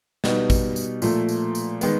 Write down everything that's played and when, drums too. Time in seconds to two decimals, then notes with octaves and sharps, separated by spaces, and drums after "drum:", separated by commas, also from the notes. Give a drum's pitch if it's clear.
0.24 B2 G3 B3 D#4, drum: snare
0.50 drum: kick, tambourine
0.76 drum: tambourine
1.02 A#2 F3 A3, drum: tambourine
1.29 drum: tambourine
1.55 drum: tambourine
1.81 D#3 G#3 B3, drum: tambourine